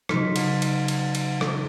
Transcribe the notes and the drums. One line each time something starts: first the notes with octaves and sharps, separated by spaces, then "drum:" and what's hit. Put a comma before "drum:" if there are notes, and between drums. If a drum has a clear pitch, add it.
C#3 F#3 D#4 C6 F6 B6, drum: rim click
drum: cymbal
drum: cymbal
drum: cymbal
drum: cymbal
drum: rim click